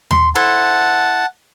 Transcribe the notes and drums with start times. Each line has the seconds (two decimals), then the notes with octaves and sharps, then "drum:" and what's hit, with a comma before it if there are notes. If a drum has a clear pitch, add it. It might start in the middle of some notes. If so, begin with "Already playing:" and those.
0.11 C6, drum: tom D#2
0.35 E4 A4 C5 F#5 A5